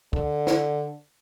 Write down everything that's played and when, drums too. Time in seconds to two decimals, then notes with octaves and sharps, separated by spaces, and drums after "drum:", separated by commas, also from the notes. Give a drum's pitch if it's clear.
0.13 D3, drum: kick
0.47 drum: snare